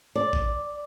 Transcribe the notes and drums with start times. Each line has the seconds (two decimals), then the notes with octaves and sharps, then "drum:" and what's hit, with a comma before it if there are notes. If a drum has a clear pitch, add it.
0.15 D5
0.33 drum: kick A1